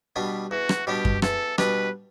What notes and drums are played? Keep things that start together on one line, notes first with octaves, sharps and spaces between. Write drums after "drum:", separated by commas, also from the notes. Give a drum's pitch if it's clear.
B2 G3 B3 D4
E2 F#4
drum: rim click
B2 G3 B3 D4 G4
drum: kick F#2
E2 A4, drum: rim click
B2 G3 B3 D4 B4, drum: rim click